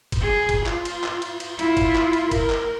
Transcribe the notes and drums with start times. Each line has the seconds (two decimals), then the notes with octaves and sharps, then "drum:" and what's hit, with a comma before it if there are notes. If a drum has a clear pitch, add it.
0.12 drum: kick, cymbal
0.22 G#4
0.49 drum: kick, cymbal
0.66 F4, drum: clap
0.85 drum: cymbal
1.04 drum: clap
1.22 drum: cymbal
1.40 drum: cymbal
1.59 E4 F4, drum: cymbal
1.77 drum: kick, cymbal
1.95 drum: clap
2.13 drum: cymbal
2.31 A#4, drum: kick, cymbal
2.50 drum: clap